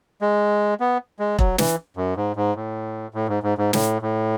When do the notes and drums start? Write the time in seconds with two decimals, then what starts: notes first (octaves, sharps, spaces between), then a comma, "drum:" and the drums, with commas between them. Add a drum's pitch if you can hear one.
0.22 G#3
0.80 B3
1.19 G#3
1.39 F#3, drum: kick E1
1.58 E3, drum: snare
1.97 F#2
2.17 G#2
2.36 G#2
2.55 A2
3.14 A2
3.28 G#2
3.43 G#2
3.58 G#2
3.73 A2, drum: snare
4.02 A2